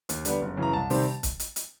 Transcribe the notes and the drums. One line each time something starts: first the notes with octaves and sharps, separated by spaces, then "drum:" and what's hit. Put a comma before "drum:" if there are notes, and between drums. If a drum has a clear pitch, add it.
D#2, drum: hi-hat
D3 G3 B3, drum: hi-hat
F#1
F#2 C#3 E3
A#5
C2 A5
C3 D#3 G3 C4, drum: open hi-hat
drum: kick, hi-hat
drum: hi-hat
drum: hi-hat